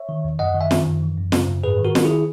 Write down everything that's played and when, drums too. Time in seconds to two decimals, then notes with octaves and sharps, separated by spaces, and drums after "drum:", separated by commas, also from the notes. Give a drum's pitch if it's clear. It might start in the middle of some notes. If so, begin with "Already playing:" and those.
Already playing: C#5 E5
0.09 D#3
0.24 E2
0.39 F#2 D#5 F#5
0.55 D#3
0.61 E5 G#5
0.71 D#3, drum: snare
0.86 F#2
1.02 E3
1.18 F#2
1.32 C#3, drum: snare
1.48 F#2
1.63 G#2 G#4 B4
1.79 D#3
1.84 F#4 A#4
1.95 D#3, drum: snare
2.04 E4 G#4